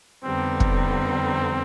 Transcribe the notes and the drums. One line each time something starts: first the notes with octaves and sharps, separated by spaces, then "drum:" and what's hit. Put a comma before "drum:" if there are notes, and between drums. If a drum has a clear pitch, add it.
F2 D3 G3 B3 C4 D#4
drum: kick